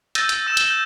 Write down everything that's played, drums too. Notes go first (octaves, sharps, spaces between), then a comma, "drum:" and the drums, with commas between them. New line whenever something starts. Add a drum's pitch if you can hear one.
E6 G6 A6 A#6 D#7, drum: hi-hat
drum: hi-hat
E6 A#6 E7
drum: hi-hat
G6 G7